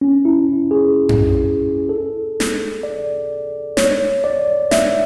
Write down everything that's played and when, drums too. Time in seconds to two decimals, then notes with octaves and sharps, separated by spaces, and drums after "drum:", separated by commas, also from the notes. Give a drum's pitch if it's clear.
0.01 C#4
0.25 E4
0.71 G#4
1.09 drum: tom F#2
1.89 A4
2.40 drum: snare
2.83 D5
3.77 C#5, drum: snare
4.24 D5
4.71 E5, drum: snare